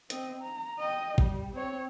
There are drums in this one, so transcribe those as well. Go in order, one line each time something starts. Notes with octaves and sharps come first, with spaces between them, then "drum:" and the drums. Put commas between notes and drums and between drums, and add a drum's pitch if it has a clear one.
C4 D#5, drum: hi-hat
A#5
D#5 G5
G3, drum: kick
C4 C#5